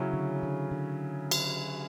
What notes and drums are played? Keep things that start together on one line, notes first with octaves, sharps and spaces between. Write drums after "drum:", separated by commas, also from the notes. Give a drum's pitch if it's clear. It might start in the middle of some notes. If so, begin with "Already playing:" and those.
Already playing: C#3 F#3 C#4 E4
D3
D3
D3
drum: cymbal